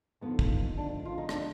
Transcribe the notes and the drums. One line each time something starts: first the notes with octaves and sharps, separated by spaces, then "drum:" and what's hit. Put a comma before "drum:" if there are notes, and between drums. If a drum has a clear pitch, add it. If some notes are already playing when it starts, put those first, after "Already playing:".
D#2 D3 F3 B3
drum: kick
D4
F4
D#4
D4, drum: rim click